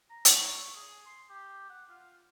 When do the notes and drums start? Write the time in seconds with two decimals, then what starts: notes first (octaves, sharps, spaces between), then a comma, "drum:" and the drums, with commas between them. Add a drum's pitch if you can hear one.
0.10 A#5
0.25 drum: hi-hat
0.35 C#6
0.75 G#4
1.06 C6
1.29 G4
1.70 F#5
1.89 F4